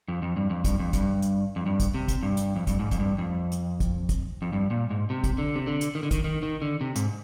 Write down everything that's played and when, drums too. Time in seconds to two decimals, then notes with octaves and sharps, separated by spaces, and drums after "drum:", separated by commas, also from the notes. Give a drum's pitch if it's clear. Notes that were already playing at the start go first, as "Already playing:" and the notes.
0.08 F2
0.22 F2
0.37 G2
0.50 F2
0.64 G2, drum: kick, hi-hat
0.80 F2
0.93 G2, drum: kick, hi-hat
1.22 drum: hi-hat
1.56 F2
1.66 G2
1.80 drum: kick, hi-hat
1.94 C3
2.08 drum: kick, hi-hat
2.23 G2
2.37 drum: hi-hat
2.56 F2
2.67 G2, drum: kick, hi-hat
2.79 G#2
2.91 F2, drum: kick, hi-hat
2.99 G2
3.18 F2
3.52 drum: hi-hat
3.80 drum: kick, hi-hat
4.09 drum: kick, hi-hat
4.42 F2
4.53 G2
4.71 A#2
4.90 G#2
5.10 C3
5.24 drum: kick, hi-hat
5.38 D3
5.55 C3
5.67 D3
5.81 drum: hi-hat
5.95 D#3
6.03 D3
6.11 D#3, drum: kick, hi-hat
6.24 D#3
6.43 D#3
6.62 D3
6.81 C3
6.96 G#2, drum: hi-hat